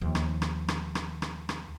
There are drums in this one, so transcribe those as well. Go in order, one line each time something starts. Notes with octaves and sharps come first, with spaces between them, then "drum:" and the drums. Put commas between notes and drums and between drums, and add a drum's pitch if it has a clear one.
D#2 F3
drum: rim click
drum: rim click
drum: rim click
drum: rim click
drum: rim click
drum: rim click